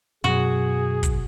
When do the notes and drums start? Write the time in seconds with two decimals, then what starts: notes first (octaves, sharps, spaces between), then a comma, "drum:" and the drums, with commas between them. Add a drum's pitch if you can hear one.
0.24 F#2 B2 F#3 F#4 G#4
1.03 drum: kick, hi-hat